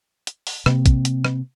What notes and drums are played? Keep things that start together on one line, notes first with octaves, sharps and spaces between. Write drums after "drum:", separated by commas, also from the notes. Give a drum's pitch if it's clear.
drum: hi-hat
drum: open hi-hat
C3 A#3 C4, drum: rim click
drum: kick, hi-hat
drum: hi-hat
drum: rim click